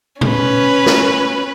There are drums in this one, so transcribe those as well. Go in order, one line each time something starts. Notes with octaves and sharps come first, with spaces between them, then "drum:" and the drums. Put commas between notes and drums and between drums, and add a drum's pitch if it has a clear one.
C#4 B4, drum: tom A#2
drum: snare